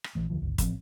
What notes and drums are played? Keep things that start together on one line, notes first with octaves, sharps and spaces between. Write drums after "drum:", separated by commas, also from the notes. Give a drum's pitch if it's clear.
drum: rim click
A#1 E3 A3
D#2 D3 F3
G1 C#2
A1 F3 C4, drum: kick, hi-hat